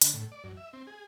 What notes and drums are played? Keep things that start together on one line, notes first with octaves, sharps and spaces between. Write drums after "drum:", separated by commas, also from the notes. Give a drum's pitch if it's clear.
D3, drum: hi-hat
A2
D5
F#2
E5
C4
G#4